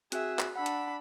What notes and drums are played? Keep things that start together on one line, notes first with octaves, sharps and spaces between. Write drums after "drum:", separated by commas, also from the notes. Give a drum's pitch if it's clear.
C4 F#4 G#4 E5 F#6, drum: hi-hat
drum: clap
D4 F#5 B5 E6
drum: hi-hat